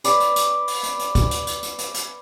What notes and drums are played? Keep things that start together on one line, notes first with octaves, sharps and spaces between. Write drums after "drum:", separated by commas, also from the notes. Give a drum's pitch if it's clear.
B4 D5, drum: hi-hat
drum: hi-hat
drum: hi-hat
drum: open hi-hat
drum: hi-hat
drum: hi-hat
drum: kick, hi-hat
drum: hi-hat
drum: hi-hat
drum: hi-hat
drum: hi-hat
drum: hi-hat